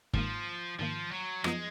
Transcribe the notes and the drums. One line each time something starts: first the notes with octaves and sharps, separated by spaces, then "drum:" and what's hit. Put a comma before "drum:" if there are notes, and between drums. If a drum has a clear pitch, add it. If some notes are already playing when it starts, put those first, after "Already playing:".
G#2 D#3 F3 A#3, drum: kick G1
G#2 D#3 F3 A#3
F#3
F#2 F3 G#3 B3 D#4, drum: rim click